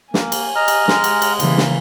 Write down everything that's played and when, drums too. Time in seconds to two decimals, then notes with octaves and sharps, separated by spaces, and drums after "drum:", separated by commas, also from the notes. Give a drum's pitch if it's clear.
0.14 A#3 G#5, drum: snare
0.32 drum: cymbal
0.56 D#5 A#5 F6
0.68 drum: cymbal
0.88 G#3, drum: snare
1.04 drum: cymbal
1.22 drum: cymbal
1.40 C#3 E3 A#3, drum: cymbal
1.58 drum: snare